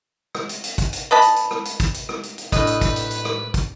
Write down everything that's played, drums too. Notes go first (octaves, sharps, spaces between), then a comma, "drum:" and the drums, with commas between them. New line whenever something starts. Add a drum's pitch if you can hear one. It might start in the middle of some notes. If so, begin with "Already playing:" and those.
drum: rim click
drum: hi-hat
drum: hi-hat
drum: kick, hi-hat
drum: hi-hat
B4 D#5 A5 B5
drum: hi-hat
drum: hi-hat
drum: rim click
drum: hi-hat
drum: kick, hi-hat
drum: hi-hat
drum: rim click
drum: hi-hat
drum: hi-hat
A2 D4 B4 D#5, drum: kick, hi-hat
drum: hi-hat
drum: kick, hi-hat
drum: hi-hat
drum: hi-hat
drum: rim click
drum: kick, hi-hat